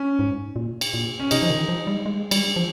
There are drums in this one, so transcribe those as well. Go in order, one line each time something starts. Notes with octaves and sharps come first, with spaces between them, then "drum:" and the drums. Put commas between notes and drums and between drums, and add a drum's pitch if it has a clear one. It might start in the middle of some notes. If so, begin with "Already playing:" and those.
Already playing: C#4
G#2
A#2
drum: cymbal
A#2
C#4
C3 D#4, drum: cymbal
F3
D#3
F3
G3
G#3
G3, drum: cymbal
F3